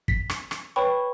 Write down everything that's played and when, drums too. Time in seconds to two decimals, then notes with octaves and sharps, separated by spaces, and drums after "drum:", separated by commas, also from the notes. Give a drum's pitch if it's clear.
0.08 B6, drum: kick
0.30 drum: rim click
0.51 drum: rim click
0.76 B4 C#5 G5 B5 C#6